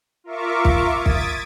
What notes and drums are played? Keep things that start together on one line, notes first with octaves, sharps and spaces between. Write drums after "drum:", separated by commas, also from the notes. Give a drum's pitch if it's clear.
F4 A#4 E5 C#6 D6
drum: kick
D#6 G#6 A6 B6 D7
drum: kick